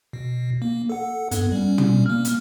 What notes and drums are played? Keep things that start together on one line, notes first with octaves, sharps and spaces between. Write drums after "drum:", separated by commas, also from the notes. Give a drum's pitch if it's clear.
B2
A#3
A4 F#5
G2 B3, drum: hi-hat
G3 C#4
drum: tom
A#3 F6
drum: hi-hat